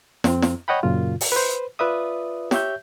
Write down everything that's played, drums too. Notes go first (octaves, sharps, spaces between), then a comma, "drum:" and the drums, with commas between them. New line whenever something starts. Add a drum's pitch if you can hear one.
F2 C4, drum: snare
drum: snare
C#5 D#5 F#5 G5 B5
F#2 A#2 C#3 F4
drum: open hi-hat
B4 C5
F4 B4 D5 E5 D#6
G4 C#5 E5 G6, drum: snare